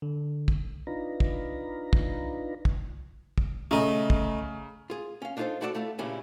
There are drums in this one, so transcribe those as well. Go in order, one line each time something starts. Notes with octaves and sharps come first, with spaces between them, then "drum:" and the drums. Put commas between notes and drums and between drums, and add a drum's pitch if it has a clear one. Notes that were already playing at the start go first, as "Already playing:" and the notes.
D3
drum: kick
D4 D#4 F4 B4 A#5
drum: kick
drum: kick
drum: kick
drum: kick
C#3 A3 D#5 A#5
drum: kick
F4 G#4
C#4 F5
D4 D#4 F4 G4 A4 C5
A3 E4 F#4 A4 D5 A5
A3 E4 F4 A4
G2 A#2 C#3 G3 C#4 E4